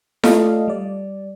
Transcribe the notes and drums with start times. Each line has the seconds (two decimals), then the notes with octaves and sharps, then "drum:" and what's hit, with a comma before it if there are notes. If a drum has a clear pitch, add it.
0.24 A3 F4 A4 D5 D#5 F5, drum: snare E4
0.68 G3 D5